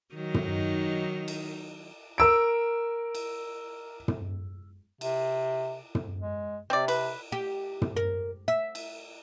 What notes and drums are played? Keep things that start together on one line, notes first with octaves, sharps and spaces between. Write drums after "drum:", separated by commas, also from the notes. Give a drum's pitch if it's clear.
D#3 F#3 D#4
drum: tom
drum: cymbal
A#4 E6 D7
drum: cymbal
drum: tom
C3, drum: cymbal
drum: tom
G#3
C3 C4 D5
B4, drum: cymbal
G4
drum: tom
A#4
E5
drum: cymbal